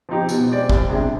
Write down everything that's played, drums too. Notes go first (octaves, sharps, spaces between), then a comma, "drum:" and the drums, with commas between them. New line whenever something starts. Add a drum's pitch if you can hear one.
F3 C4 D#4 G4
B2, drum: tambourine
G#3 C4 G4 D5
C2, drum: kick
C3 G3 D4 G#4